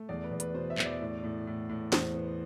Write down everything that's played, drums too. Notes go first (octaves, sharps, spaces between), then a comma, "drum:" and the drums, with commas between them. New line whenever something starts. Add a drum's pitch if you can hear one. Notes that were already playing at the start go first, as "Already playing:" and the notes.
Already playing: A3
E2 D5
B4
E2
B4, drum: hi-hat
B2 C5
E5
E2, drum: clap
D5
A2
A2
A2
A2
E2 C5, drum: snare
B3